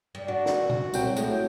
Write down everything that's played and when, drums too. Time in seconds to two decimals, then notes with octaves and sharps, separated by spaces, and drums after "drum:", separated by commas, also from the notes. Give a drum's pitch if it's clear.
0.15 G2
0.28 D4 F#4
0.46 drum: snare
0.70 drum: tom A#2
0.94 C2 F#3 G5, drum: tambourine
1.17 A2 G#3, drum: tambourine